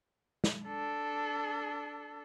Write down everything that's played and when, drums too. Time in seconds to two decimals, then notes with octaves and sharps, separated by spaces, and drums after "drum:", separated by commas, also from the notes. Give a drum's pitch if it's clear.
0.44 drum: snare
0.66 D4 A4